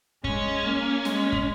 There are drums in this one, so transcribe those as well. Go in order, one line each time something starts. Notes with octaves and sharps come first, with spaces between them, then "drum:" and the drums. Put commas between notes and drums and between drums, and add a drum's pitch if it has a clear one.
G#3 C#4, drum: kick
A#3
G#3, drum: snare
drum: kick